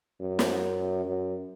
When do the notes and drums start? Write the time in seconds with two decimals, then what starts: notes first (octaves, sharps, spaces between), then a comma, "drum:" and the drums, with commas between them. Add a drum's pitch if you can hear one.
0.20 F#2
0.39 drum: snare
1.05 F#2